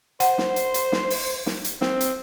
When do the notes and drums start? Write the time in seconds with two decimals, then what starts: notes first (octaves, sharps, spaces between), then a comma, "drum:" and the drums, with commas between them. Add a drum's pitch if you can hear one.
0.20 C5 F#5, drum: hi-hat
0.38 drum: snare
0.56 drum: hi-hat
0.74 drum: hi-hat
0.92 drum: snare
1.10 drum: open hi-hat
1.46 drum: snare
1.64 drum: hi-hat
1.81 C4, drum: snare
2.01 drum: hi-hat